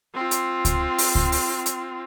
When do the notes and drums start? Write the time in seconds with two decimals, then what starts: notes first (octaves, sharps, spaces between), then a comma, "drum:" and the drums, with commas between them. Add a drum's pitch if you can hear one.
0.14 C4 F4
0.31 drum: hi-hat
0.65 drum: kick C#2, hi-hat
0.98 drum: open hi-hat
1.15 drum: kick C#2
1.32 drum: open hi-hat
1.66 drum: hi-hat